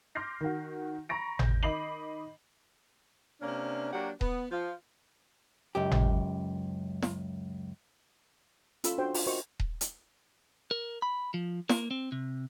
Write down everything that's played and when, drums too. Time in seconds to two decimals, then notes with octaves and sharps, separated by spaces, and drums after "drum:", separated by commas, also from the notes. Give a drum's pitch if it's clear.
0.15 C6 D6 F6 G6 A#6 C7
0.41 D#3 F#4
1.09 A#5 B5 C#6 A#6 D7
1.39 G6, drum: tom G#1
1.63 D#3 D#5 B5 D6 C7 F#7
3.41 C3 A#3 C#4 D4
3.93 F#3 A#3 D4 F#4 G4 F#5
4.21 B3, drum: kick D#1
4.51 F3 F4
5.75 C#2 F#2 G4
5.92 drum: tom G#1
7.02 drum: snare
8.84 C#4 F4 A4 B5 E6, drum: hi-hat
8.98 D4 F#4 C5 G5
9.14 F4, drum: open hi-hat
9.26 F#4 A#4 C5 D#5 E5 C#6
9.60 drum: kick D#1
9.81 drum: hi-hat
10.71 A#4
11.02 B5
11.34 F3
11.69 A#3, drum: snare
11.91 C4
12.12 C3